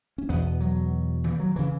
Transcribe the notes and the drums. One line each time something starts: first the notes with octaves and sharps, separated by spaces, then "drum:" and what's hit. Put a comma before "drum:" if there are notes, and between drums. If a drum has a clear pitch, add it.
C#4
E2 B2 B3
F#3
E3, drum: tom D#3
F#3
C#3 E3